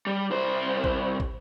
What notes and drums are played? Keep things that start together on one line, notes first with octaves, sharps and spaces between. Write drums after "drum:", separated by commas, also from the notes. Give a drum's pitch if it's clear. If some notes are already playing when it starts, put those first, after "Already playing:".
G3
C2 C5
drum: kick
drum: kick